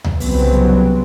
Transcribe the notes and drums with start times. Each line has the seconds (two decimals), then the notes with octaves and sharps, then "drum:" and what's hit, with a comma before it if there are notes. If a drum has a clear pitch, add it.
0.04 drum: tom D2
0.20 C2 C#3 E3 F#3 B3 C4, drum: open hi-hat